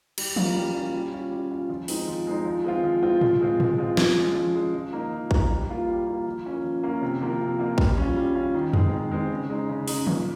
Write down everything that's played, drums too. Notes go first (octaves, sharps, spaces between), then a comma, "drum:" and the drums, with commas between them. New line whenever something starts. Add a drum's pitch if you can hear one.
G3, drum: cymbal
A#3 C#4 F4, drum: tom E3
G3
A#3 C#4 F4
G3
C#4 F4
G3
C#4 F4
F3
G#3 C4 D#4, drum: open hi-hat
F3
G#3 C4 D#4
F3
G#3 C4 F4
F3
G#3 C4 F4
F3, drum: tom A2
G#3 C4 F4
F3, drum: tom A2
G#3 C4 F4
F3, drum: snare
G#3 C#4
F3
G#3 C#4
F3
A#3 D#4
F3
A#3 D#4, drum: kick
G3
A#3 F4
G3
A#3 F4
F3
A#3 C#4 F4
F3
A#3 C#4 F4
C3
F3 A#3 F4
C3
F3 A#3 F4
G3, drum: kick
C#4 F4
G3
C#4 F4
D#3
G#3 C4, drum: tom E2
D#3
G#3 C4
C#3
G#3 D#4
C#3
G#3 D#4, drum: open hi-hat
A#2, drum: tom D3